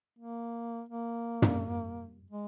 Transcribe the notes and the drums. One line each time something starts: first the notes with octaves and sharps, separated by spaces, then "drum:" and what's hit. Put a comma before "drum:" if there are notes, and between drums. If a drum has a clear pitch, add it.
A#3
A#3
drum: tom
G#3